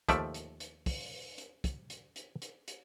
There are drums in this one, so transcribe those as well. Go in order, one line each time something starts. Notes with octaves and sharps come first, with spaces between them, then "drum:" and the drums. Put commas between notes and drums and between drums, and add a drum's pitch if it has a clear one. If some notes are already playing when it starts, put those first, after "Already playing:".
D#2 F3 A3 D5 E5, drum: kick, hi-hat
drum: hi-hat
drum: hi-hat
drum: kick, open hi-hat
drum: hi-hat
drum: kick, hi-hat
drum: hi-hat
drum: hi-hat
drum: hi-hat
drum: hi-hat